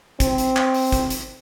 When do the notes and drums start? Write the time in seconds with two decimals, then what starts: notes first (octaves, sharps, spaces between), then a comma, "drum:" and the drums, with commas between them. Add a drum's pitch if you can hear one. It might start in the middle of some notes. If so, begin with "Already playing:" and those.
0.20 C4, drum: kick, hi-hat
0.38 drum: hi-hat
0.56 drum: clap
0.74 drum: open hi-hat
0.92 drum: kick, hi-hat
1.10 drum: hi-hat